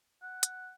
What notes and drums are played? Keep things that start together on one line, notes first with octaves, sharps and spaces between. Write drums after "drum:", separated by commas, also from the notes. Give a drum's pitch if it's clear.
F#5
drum: hi-hat